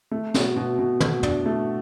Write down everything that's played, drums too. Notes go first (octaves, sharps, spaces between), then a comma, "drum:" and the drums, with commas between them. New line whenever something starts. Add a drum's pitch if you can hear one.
A3
B2, drum: snare
B2
B2
B2, drum: tom
D4, drum: tom
A3